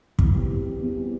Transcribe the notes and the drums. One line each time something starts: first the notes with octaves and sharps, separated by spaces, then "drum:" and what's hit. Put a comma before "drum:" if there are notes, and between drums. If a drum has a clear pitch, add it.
E2 E3, drum: kick
G3 C4 G4
E3
G3 C4 G4
E2 E3
G3 C4 G4